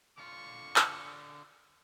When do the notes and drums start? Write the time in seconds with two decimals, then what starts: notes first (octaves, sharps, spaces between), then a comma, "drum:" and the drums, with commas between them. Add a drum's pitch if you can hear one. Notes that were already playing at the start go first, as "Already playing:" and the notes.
0.18 D3 F4 C#6
0.76 drum: clap